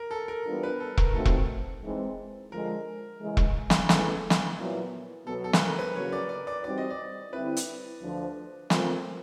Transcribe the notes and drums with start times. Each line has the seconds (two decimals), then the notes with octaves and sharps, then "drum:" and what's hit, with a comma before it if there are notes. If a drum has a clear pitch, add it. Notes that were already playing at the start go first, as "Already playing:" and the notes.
Already playing: A#4
0.11 A4
0.28 A#4
0.45 E3 G3 B3 D4 F4
0.63 B4
0.80 A4
0.97 A#4, drum: kick E1
1.14 F3 A3 C4 D#4 F#4 A4
1.25 drum: kick E1
1.82 E3 G#3 C4 D#4
2.52 D3 F3 G#3 A#4
3.20 C#3 E3 G#3
3.37 drum: kick E1
3.70 drum: snare
3.89 C#2 C#3 E3 A3 A4, drum: snare
4.30 drum: snare
4.58 A#2 F#3 B3 E4
5.27 B2 F#3 B3 A4
5.44 A4
5.53 B4, drum: snare
5.60 A#4
5.79 B4
5.95 E2 C#3 F#3 A#3 C#5
6.12 D5
6.29 D5
6.47 D5
6.64 E3 G3 C4 D#4 F#4 D5
6.78 D#5
6.90 D5
7.32 D3 G3 C4 E4 B4
7.57 drum: hi-hat
8.02 D2 D3 F3
8.70 F3 A3 C4 F4 A#4, drum: snare